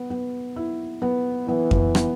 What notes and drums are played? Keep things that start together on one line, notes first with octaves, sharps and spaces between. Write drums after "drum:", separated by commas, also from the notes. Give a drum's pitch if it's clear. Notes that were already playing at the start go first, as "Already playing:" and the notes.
Already playing: B3
B3
E4
B3
E3 B3
drum: kick F2
B3, drum: rim click